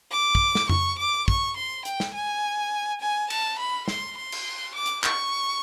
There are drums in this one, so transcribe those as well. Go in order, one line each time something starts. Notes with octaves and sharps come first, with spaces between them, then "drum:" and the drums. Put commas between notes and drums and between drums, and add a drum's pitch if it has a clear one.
D6
drum: kick
drum: snare
C#6, drum: tom F2
D6
C#6, drum: kick
C6
G5, drum: hi-hat
drum: snare
G#5
G#5
A5, drum: cymbal
B5
C6, drum: snare
C6
drum: cymbal
D6
drum: hi-hat
C#6, drum: clap